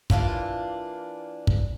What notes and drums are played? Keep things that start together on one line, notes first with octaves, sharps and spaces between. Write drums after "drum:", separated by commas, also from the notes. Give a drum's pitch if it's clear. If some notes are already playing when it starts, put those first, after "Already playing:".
E3 A#3 D4 F4, drum: kick
drum: kick